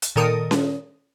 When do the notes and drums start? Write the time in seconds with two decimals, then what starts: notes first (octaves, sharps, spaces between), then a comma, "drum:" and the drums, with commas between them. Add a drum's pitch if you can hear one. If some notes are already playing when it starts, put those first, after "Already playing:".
0.02 drum: hi-hat
0.16 A#2 D#3 A4 A#4 D#6
0.51 drum: snare C#4